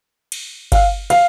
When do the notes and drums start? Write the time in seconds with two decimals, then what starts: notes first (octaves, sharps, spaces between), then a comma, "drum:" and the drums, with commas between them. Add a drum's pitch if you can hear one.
0.32 drum: cymbal
0.72 F5, drum: kick G1, cymbal
1.10 F5, drum: cymbal